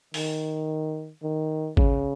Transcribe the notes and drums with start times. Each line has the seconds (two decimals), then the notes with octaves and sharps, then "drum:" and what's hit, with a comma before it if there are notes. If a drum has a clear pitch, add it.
0.14 D#3, drum: open hi-hat
1.23 D#3
1.77 C#3, drum: kick